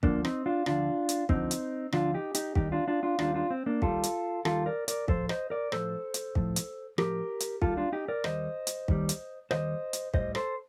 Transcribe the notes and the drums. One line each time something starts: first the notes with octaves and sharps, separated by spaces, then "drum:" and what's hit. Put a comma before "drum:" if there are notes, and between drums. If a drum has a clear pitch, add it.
D2 D3 F3 A#3 D4, drum: kick
C4 D#4, drum: rim click
D4 F4
D2 D3 F3 D4 F4, drum: rim click
drum: hi-hat
D2 D3 F3 C4 D#4, drum: kick
drum: hi-hat
D2 D3 F3 D4 F4, drum: rim click
D#4 G4
D#4 G4, drum: hi-hat
D#2 D#3 G3 D#4 G4, drum: kick
D4 F4
D4 F4
D4 F4
D#2 D#3 G3 D4 F4, drum: rim click
D4 F4
C4
A#3 D4
D#2 D#3 G3 F4 A4, drum: kick
drum: hi-hat
D#2 D#3 G3 F4 A4, drum: rim click
A#4 D5
A#4 D5, drum: hi-hat
A2 F3 A4 C5, drum: kick
C5 D#5, drum: rim click
A#4 D5
A2 F3 A4 C5, drum: rim click
drum: hi-hat
A2 F3, drum: kick
drum: hi-hat
A2 F3 G4 A#4, drum: rim click
drum: hi-hat
D#2 D#3 G3 F4 A4, drum: kick
D4 F4
D#4 G4
A#4 D5
D#2 D#3 G3 C5 D#5, drum: rim click
drum: hi-hat
D#2 D#3 G3, drum: kick
drum: hi-hat
D#2 D#3 G3 C5 D#5, drum: rim click
drum: hi-hat
A2 G3 C5 D#5, drum: kick
A4 C5, drum: rim click